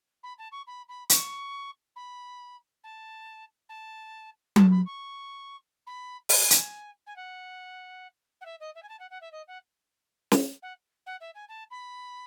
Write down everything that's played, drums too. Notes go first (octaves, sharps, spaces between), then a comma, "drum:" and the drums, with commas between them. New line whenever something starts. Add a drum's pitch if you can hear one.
B5
A5
C#6
B5
B5
C#6, drum: hi-hat
B5
A5
A5
A5, drum: tom F#3
B5
C#6
B5
G#5, drum: open hi-hat
drum: hi-hat
G#5
F#5
F#5
E5
D#5
E5
G#5
A5
F#5
F#5
E5
D#5
F#5
drum: snare
F#5
F#5
E5
G#5
A5
B5